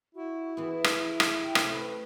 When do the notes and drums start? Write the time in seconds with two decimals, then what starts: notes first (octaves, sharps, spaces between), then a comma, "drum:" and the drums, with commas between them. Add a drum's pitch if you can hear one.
0.15 E4 F#4
0.57 E3 B3 G#4
0.84 drum: rim click
1.20 drum: rim click
1.43 G4
1.55 C3 A3, drum: rim click
1.75 B4